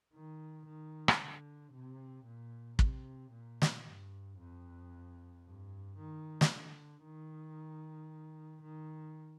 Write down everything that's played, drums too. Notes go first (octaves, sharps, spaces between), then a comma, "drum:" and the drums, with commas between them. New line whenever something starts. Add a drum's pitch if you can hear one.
D#3
D#3
drum: rim click
D3
C3
A#2
C3, drum: kick
A#2
drum: snare
G2
F2
G2
D#3
drum: snare
D3
D#3
D#3